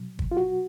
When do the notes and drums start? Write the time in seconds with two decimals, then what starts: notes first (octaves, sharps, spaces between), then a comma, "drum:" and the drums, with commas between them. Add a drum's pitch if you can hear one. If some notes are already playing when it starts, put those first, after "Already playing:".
Already playing: B2 F#3
0.19 drum: kick
0.31 F4
0.37 F#4